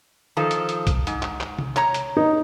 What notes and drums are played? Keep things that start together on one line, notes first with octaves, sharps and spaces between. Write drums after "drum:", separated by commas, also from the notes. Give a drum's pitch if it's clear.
D#3 F3 A4
drum: hi-hat
drum: hi-hat
drum: kick B1, hi-hat
G#2, drum: hi-hat
drum: clap
drum: clap
drum: tom C3
C#5 A#5, drum: clap
drum: hi-hat
D#4